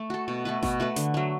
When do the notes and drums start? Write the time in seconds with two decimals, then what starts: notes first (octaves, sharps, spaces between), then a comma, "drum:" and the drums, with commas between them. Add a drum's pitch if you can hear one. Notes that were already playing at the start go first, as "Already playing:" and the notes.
Already playing: A3
0.10 F#4 A4
0.28 B2
0.45 A3 F#4 B4
0.63 B2, drum: snare G#1
0.80 A3 F#4 B4
0.96 D3, drum: hi-hat
1.14 F#3 A3